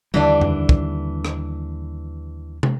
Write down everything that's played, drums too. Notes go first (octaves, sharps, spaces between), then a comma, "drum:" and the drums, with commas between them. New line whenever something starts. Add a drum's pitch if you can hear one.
D#2 D3 E3 G3 D4 D5
drum: tom F2
drum: kick
drum: rim click
drum: tom